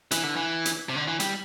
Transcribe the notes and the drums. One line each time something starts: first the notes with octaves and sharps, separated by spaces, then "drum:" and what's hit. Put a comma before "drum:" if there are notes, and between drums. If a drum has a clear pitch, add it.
E3, drum: hi-hat
D3
E3
drum: hi-hat
C3
D3
E3
G3, drum: hi-hat